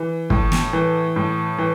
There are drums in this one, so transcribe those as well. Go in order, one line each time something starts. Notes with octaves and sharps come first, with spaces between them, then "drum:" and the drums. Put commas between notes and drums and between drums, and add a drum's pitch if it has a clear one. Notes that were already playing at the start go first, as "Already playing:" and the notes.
Already playing: E3
A2, drum: kick
drum: snare
E3
A2
E3